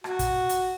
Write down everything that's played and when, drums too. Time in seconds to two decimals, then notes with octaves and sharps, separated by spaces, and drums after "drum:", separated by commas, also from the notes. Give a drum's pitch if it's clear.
0.04 F#4, drum: rim click
0.19 drum: kick, hi-hat
0.49 drum: hi-hat